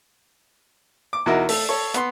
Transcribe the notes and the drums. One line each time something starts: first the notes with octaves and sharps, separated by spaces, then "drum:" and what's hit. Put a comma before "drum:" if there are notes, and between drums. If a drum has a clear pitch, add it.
D6
E2 B2 D#4 E4 F#4 A#4
A3 A4, drum: open hi-hat
A4 C#5
B3 C6, drum: hi-hat